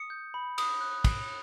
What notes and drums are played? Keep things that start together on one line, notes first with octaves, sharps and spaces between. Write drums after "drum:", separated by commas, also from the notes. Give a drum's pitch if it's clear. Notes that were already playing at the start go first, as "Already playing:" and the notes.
Already playing: D#6 C#7
G6
B5
D#6, drum: cymbal
F#6
drum: kick, cymbal